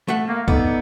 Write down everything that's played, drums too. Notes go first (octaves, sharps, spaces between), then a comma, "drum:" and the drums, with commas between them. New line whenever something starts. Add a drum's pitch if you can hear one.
A3 E5 F#5
A#3
B3 D#4 A4 D5, drum: kick